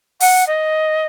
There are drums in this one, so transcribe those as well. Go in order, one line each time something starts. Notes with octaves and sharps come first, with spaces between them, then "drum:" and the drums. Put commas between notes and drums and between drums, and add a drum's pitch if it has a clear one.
F#5, drum: open hi-hat
D#5